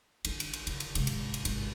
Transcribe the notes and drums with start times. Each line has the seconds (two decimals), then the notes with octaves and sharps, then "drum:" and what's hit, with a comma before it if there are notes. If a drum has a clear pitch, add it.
0.25 D4 E4, drum: cymbal
0.40 drum: cymbal
0.53 drum: cymbal
0.67 C#3, drum: cymbal
0.80 drum: cymbal
0.95 G#2 C3, drum: cymbal
1.07 drum: cymbal
1.34 drum: cymbal
1.45 G#1, drum: cymbal